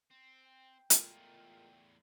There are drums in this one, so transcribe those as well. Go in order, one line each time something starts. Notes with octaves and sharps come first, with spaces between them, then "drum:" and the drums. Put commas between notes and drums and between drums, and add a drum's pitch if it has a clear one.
C4
G5
E2 G#3 A3 F4 A#4, drum: hi-hat